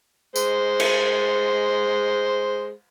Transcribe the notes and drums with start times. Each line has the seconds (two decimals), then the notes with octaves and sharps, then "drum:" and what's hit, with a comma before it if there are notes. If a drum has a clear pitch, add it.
0.36 G#3 C5, drum: tambourine
0.80 drum: cymbal